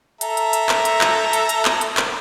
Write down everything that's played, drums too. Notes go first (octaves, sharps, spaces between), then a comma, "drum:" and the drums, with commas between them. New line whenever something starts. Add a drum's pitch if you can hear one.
A4 E5 A#5, drum: hi-hat
drum: hi-hat
drum: hi-hat
drum: clap
drum: hi-hat
drum: clap
drum: hi-hat
drum: hi-hat
drum: clap
drum: hi-hat
drum: clap